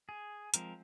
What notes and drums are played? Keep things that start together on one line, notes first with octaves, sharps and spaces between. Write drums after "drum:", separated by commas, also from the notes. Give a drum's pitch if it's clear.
G#4
F3 G#3 C4 A#4, drum: hi-hat